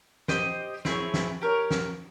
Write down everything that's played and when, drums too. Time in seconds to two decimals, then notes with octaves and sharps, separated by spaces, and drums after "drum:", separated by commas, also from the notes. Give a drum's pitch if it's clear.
0.28 G4 C5 D#5, drum: snare
0.85 C4 E4 G#4 C#5, drum: snare
1.14 drum: snare
1.42 G4 A#4 C#5
1.71 drum: snare